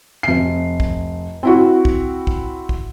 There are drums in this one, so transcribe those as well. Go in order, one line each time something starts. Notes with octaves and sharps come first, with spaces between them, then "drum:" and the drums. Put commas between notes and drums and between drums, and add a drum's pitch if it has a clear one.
F1 C7
drum: kick
C4 E4 F#4
drum: kick
drum: kick
drum: kick